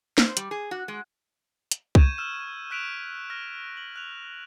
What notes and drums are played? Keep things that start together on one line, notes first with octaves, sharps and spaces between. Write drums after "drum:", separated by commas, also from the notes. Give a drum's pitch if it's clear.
C5, drum: snare
G3, drum: hi-hat
G#4
F#4
G#3
drum: hi-hat
C#6 G6 G#6 D#7 E7, drum: kick C2
E6 F6 E7
E6 F#6 B6 D7 E7 F7
F6 A#6
F#7
F#6 F7